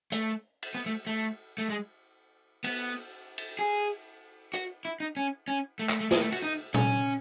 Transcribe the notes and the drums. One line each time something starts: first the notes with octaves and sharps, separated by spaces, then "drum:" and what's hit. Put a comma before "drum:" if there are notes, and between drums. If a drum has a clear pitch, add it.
A3, drum: hi-hat
drum: cymbal
B3
A3
A3
A3
G#3
B3, drum: cymbal
drum: cymbal
G#4
F#4, drum: hi-hat
E4
D#4
C#4
C#4
A3
A3, drum: clap
A3
G#3, drum: snare
A3
F#4, drum: cymbal
D#4
C#4, drum: tom